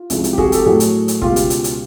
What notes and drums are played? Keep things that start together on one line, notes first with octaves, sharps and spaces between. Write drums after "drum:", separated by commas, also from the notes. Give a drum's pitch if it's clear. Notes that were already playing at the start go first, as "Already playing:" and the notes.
Already playing: F4
C2 C3 F3 G#3, drum: hi-hat
drum: hi-hat
G4
F#4 G#4, drum: kick
G4 A4, drum: hi-hat
A2 F#3 A3 F#4 G#4
drum: hi-hat
drum: hi-hat
C#2 B2 G#3 F4 G4, drum: kick
drum: hi-hat
drum: hi-hat
drum: hi-hat